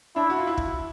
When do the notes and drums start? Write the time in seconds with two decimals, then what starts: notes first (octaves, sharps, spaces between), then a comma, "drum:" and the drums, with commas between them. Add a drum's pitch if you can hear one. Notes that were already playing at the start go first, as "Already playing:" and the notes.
0.16 D4 E4
0.30 F#4
0.38 F4
0.47 E4
0.57 drum: kick